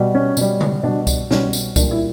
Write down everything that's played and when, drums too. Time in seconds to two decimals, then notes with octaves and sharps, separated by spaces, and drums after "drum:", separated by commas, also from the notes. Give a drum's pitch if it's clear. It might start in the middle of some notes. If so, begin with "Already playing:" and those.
Already playing: B2 G3
0.14 C#4
0.37 B2 G3, drum: tambourine
0.61 drum: tom C#3
0.83 B2 G3 D4
1.07 drum: kick C2, tambourine
1.31 B2 G3 C#4, drum: snare
1.53 drum: tambourine
1.76 A#2 G3 D4, drum: kick C2, tambourine
1.91 E4